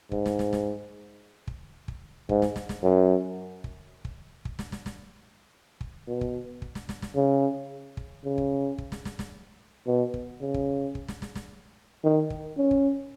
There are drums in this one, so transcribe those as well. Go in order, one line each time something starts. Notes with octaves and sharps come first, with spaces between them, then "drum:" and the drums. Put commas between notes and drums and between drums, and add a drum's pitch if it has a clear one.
G#2, drum: kick
drum: snare
drum: snare
drum: snare
drum: kick
drum: kick
G#2, drum: kick
drum: snare
drum: snare
drum: snare
F#2
drum: kick
drum: kick
drum: kick
drum: snare
drum: snare
drum: snare
drum: kick
B2
drum: kick
drum: kick
drum: snare
drum: snare
drum: snare
C#3
drum: kick
C#3
drum: kick
drum: kick
drum: snare
drum: snare
drum: snare
B2
drum: kick
C#3
drum: kick
drum: kick
drum: snare
drum: snare
drum: snare
D#3
drum: kick
C#4
drum: kick